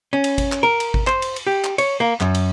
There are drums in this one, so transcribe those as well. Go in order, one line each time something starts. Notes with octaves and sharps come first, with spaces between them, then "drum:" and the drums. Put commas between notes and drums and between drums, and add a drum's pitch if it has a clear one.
C#4
drum: cymbal
drum: kick G#1, cymbal
drum: clap
A#4
drum: cymbal
drum: kick G#1
C5, drum: clap
drum: cymbal
drum: cymbal
G4
drum: clap
C#5, drum: cymbal
A#3
F#2, drum: clap
drum: cymbal